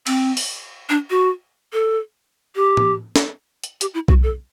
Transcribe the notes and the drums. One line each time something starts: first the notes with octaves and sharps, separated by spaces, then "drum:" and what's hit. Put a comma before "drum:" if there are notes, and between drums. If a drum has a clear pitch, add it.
C4, drum: cymbal
drum: open hi-hat
D4
F#4
A4
G4
drum: tom
drum: snare
drum: hi-hat
G4, drum: hi-hat
E4
F#4, drum: kick B1
A4